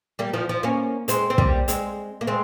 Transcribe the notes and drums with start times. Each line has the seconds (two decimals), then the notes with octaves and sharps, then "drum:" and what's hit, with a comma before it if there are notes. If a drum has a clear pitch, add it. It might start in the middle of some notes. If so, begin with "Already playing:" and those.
0.19 G3 A#3
0.34 F3
0.49 F3
0.63 A#3 C#4
1.08 G#3 C4, drum: hi-hat
1.30 C4
1.38 G3 A#3, drum: kick
1.68 G#3 C4, drum: hi-hat
2.21 A#3
2.27 G#3 C4